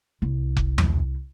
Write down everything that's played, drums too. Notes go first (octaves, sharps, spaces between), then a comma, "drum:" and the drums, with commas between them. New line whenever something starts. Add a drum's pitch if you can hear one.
C2
drum: kick F1
drum: tom E2